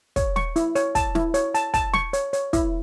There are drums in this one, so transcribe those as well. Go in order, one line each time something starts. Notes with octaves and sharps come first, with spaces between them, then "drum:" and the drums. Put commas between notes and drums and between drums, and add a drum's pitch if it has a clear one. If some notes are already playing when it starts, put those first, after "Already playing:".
C#5, drum: kick, hi-hat
C#6, drum: snare
E4, drum: hi-hat
C#5, drum: hi-hat
A5, drum: kick, hi-hat
E4, drum: snare
C#5, drum: hi-hat
A5, drum: hi-hat
A5, drum: kick, hi-hat
C#6, drum: snare
C#5, drum: hi-hat
C#5, drum: hi-hat
E4, drum: kick, hi-hat